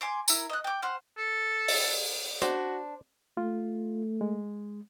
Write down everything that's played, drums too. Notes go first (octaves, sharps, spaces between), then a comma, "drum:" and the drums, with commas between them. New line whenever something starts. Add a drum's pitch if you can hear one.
G#5 C6 D6
E4 A#4, drum: tambourine
D#5 F#6
G5 D6
C5 F#5 F6
A4
drum: open hi-hat
D4 F#4 C5, drum: hi-hat
A3 F4
G#3